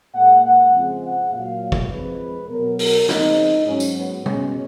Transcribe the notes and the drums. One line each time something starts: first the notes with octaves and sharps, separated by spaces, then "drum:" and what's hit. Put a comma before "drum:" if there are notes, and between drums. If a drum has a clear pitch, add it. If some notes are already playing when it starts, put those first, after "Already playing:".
A#2 G#3 F#5
F#5
F2 C#3 F3 G#3
F#5
A#2 F#3 F5
drum: kick
F2 F3 G#3 B4
B2 F#3 A#4
A#4, drum: open hi-hat
F2 C#3 F3 G#3 D#4, drum: snare
G#2 F#3 C#4
drum: tambourine
B3
B2 G#3 C#4, drum: tom